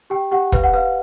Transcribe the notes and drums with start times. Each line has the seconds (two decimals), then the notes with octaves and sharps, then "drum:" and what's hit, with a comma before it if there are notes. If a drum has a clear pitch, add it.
0.10 G4 G5
0.31 G4 F#5
0.52 B4 F5, drum: kick
0.64 F#5
0.74 B4 F5